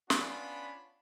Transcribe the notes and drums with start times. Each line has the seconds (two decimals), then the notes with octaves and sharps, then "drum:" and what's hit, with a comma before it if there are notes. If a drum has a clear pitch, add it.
0.10 B3 C#4 D4 F4 B5, drum: snare